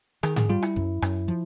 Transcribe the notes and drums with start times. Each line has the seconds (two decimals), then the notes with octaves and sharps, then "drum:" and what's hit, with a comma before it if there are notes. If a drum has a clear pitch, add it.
0.23 D#3 G#4, drum: rim click
0.36 G#4, drum: tom G#2
0.49 G3 F4
0.63 E4, drum: rim click
0.76 F#2, drum: kick
1.02 F#2, drum: rim click
1.28 F3